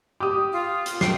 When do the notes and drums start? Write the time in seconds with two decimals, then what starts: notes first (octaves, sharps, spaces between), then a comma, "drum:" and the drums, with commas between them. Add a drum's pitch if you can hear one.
0.20 G4 D6 D#6
0.53 F4
0.86 drum: hi-hat
1.01 G5 C7, drum: snare